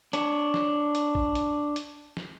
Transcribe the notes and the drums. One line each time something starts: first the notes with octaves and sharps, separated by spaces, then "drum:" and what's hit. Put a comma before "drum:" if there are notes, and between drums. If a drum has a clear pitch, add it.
D4 C#5, drum: hi-hat
drum: snare
drum: hi-hat
drum: kick
drum: hi-hat
drum: hi-hat
drum: snare